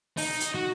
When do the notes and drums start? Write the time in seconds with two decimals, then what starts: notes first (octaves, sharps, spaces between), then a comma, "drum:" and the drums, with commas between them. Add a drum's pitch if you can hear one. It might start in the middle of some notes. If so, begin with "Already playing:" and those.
0.17 D#4, drum: open hi-hat
0.40 drum: hi-hat
0.55 F#4